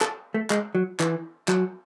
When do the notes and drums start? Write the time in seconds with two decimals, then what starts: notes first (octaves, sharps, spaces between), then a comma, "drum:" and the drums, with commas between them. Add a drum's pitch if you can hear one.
0.01 A4, drum: clap
0.34 A3
0.50 G#3, drum: clap
0.75 F#3
1.00 E3, drum: clap
1.48 F#3, drum: clap